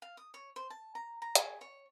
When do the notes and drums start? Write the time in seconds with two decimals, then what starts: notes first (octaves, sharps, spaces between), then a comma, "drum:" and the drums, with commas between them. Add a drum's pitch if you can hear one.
0.02 F5
0.17 D#6
0.34 C#5
0.56 C5
0.70 A5
0.95 A#5
1.22 A#5
1.35 G#4, drum: hi-hat
1.61 C#5